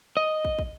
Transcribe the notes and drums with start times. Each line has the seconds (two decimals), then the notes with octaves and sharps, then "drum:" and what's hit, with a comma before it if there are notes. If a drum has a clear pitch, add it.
0.17 D#5
0.45 drum: kick
0.59 drum: kick